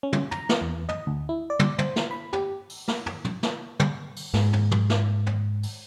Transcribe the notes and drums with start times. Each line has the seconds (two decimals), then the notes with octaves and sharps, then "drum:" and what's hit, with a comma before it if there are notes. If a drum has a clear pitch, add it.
0.03 C#4
0.13 drum: tom
0.31 A#5, drum: tom
0.49 drum: snare
0.61 E2
0.89 D#5, drum: tom
1.07 D2
1.29 E4
1.50 D5
1.59 drum: tom
1.78 C5, drum: tom
1.96 drum: snare
2.11 B5
2.33 G4, drum: tom
2.69 drum: open hi-hat
2.88 drum: snare
3.06 drum: tom
3.24 drum: tom
3.43 drum: snare
3.80 drum: tom
4.16 drum: open hi-hat
4.34 G#2, drum: snare
4.53 drum: tom
4.71 drum: tom
4.90 drum: snare
5.26 drum: tom
5.63 drum: open hi-hat